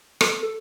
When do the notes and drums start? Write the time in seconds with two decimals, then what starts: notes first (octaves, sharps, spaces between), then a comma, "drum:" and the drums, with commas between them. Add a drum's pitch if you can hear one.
0.21 A4, drum: rim click
0.42 A4